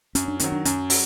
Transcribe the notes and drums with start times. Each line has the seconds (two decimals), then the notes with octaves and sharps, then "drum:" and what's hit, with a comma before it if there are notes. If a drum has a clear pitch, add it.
0.15 F#2 C#4, drum: hi-hat
0.28 D4
0.40 D#3 F#3 C#4, drum: hi-hat
0.52 D4
0.65 F#2 C#4, drum: hi-hat
0.90 F#3, drum: open hi-hat